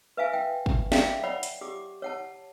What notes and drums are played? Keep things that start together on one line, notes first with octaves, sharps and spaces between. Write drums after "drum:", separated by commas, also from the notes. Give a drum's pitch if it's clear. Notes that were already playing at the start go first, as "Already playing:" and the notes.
B4 E5 F5 G#5
G5
drum: kick
G#4 D5 E5 F5 G5, drum: snare
C#5 D5 F#5 B5
drum: hi-hat
G4 D6
C#5 F#5 A5